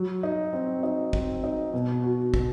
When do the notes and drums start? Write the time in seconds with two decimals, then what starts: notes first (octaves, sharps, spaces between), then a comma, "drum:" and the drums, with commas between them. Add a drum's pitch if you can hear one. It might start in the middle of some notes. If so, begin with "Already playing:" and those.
Already playing: F#3
0.23 D#4
0.53 C4
0.83 D#4
1.13 C4, drum: kick
1.43 D#4
1.73 B2
2.04 F#4
2.34 B2, drum: kick